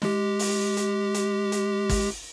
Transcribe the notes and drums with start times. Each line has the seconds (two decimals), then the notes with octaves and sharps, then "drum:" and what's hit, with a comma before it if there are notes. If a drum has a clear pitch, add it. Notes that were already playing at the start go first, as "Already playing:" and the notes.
0.02 G#3 G4, drum: snare
0.39 drum: open hi-hat
0.77 drum: hi-hat
1.14 drum: hi-hat
1.52 drum: hi-hat
1.89 drum: kick, open hi-hat